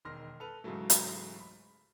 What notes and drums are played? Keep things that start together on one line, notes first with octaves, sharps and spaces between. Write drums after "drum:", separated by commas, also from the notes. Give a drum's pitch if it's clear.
E1 D#3 C6 F6 A#6
A4 B4 F7
G#2 C#3 E3 F#3 A3
drum: hi-hat
B5